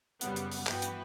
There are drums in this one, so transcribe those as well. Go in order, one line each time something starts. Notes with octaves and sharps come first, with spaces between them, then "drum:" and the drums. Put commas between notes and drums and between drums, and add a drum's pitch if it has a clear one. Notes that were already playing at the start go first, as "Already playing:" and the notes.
F#2 C#3 G3 B3 F#5, drum: hi-hat
drum: hi-hat
drum: open hi-hat
G2 E3 B3 F#4 B4 G5, drum: clap
drum: hi-hat